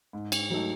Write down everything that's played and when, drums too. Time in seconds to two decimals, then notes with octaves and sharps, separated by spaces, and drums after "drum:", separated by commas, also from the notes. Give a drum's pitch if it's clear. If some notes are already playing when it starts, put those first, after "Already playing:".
0.13 G#2
0.32 drum: cymbal
0.50 F#3 A3 D#4 A4